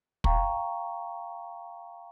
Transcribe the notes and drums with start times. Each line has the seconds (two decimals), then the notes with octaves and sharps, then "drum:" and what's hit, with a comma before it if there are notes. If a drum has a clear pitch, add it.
0.24 F5 G5 A#5 C#6, drum: kick